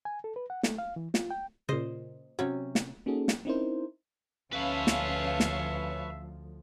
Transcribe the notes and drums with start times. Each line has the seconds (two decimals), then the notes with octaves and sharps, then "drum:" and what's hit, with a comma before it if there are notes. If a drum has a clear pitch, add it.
0.05 G#5
0.24 A4
0.36 B4
0.50 F#5
0.63 A3, drum: snare
0.78 F5
0.96 E3
1.14 F4, drum: snare
1.31 G5
1.69 A#2 C#3 C5 D#5
2.39 C3 F#3 C#4
2.75 drum: snare
3.06 A#3 C#4 D#4 F#4 G#4 A4
3.28 drum: snare
3.45 C4 C#4 D#4 E4 A#4 C5
4.53 D2 F3 C#4 B4 C#5 E5 F5 A5
4.87 drum: snare
5.40 drum: snare